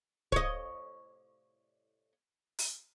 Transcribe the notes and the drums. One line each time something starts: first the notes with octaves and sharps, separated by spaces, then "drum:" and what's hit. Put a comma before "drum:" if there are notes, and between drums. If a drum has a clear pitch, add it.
C#5 D#5, drum: kick D1
drum: open hi-hat